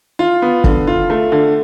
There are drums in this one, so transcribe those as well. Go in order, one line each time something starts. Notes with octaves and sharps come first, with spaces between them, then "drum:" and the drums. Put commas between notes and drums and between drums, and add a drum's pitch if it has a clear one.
F4
B3
D3, drum: kick
F4
A3
D3